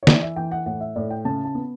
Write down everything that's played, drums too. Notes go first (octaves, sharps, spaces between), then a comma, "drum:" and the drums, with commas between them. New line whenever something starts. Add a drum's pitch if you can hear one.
C#5
E3 D5, drum: snare
E5
E3 G5
F#5
A2 F#5
E5
A2 D5
G5
C#3 A5
A5
B3